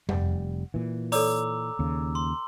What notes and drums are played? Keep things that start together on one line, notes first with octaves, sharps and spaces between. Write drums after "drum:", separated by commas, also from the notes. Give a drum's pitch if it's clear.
F1 G3 F#5, drum: tom F2
A#2 E3
A4 C#5 D5 A#5 D6 E6, drum: open hi-hat
D#2 C#3
C6